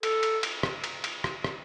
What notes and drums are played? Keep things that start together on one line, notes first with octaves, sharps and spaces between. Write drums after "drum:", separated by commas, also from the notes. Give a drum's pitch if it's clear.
A4, drum: cymbal
drum: cymbal
drum: cymbal
drum: rim click
drum: cymbal
drum: cymbal
drum: rim click
drum: rim click